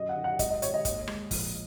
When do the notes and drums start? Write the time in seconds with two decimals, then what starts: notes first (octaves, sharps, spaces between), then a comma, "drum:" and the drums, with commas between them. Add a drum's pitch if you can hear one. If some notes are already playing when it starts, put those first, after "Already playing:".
Already playing: F#2 D#5
0.09 F#5
0.16 D#3
0.24 F#5
0.39 G#1 D#5, drum: kick, hi-hat
0.50 D#5
0.62 G#1 C#5, drum: hi-hat
0.74 D#5
0.85 D#2, drum: kick, hi-hat
1.07 G#3, drum: rim click
1.31 A#1, drum: kick, open hi-hat